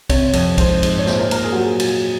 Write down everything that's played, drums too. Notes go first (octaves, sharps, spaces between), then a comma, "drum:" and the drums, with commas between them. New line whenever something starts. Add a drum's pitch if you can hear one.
C3 C#5, drum: kick, cymbal
F2, drum: cymbal
G#2 C5, drum: kick, cymbal
G#2, drum: cymbal
C#5
A#2 C5, drum: snare
A#4
A#2 A#4, drum: cymbal
G#4
F#3 F#4
G#4
F#3, drum: cymbal